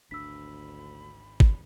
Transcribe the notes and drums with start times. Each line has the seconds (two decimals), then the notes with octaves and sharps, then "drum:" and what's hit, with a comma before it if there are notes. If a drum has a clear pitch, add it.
0.11 G#1 D2 D4 B5 E6 B6
1.40 drum: kick G1